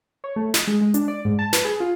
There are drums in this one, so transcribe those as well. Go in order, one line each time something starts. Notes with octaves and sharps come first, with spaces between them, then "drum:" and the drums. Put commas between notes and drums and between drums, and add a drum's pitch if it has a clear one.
C#5
A3
D#5, drum: snare
G#3
G#3
D4, drum: hi-hat
D5
G#2
A5
B4, drum: snare
G#4
F4